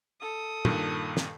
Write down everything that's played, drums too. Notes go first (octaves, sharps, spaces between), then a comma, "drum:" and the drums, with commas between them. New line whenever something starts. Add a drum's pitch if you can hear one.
A4 D#6
G2 A#2 D#3, drum: tom
drum: snare